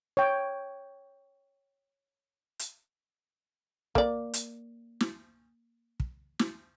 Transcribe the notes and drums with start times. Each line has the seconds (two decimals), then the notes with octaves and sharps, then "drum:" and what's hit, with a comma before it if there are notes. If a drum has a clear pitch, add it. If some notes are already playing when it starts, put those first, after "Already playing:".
0.17 C#5 G5
2.59 drum: hi-hat
3.95 A#3 D5, drum: kick
4.34 drum: hi-hat
5.01 drum: snare
6.00 drum: kick
6.39 drum: snare